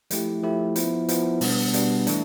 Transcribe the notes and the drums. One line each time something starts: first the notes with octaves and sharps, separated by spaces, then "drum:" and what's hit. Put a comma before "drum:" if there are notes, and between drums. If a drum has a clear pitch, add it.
F3 A3 E4 G4, drum: hi-hat
F3 A3 E4 G4
F3 B3 E4, drum: hi-hat
F3 B3 E4, drum: hi-hat
B2 G3 B3 D4, drum: open hi-hat
B2 G3 B3 D4, drum: hi-hat
E3 A3 D4, drum: hi-hat